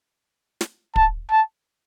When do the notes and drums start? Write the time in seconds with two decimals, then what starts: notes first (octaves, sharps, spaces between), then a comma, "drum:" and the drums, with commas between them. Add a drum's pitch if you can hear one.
0.61 drum: snare
0.96 A5, drum: kick
1.31 A5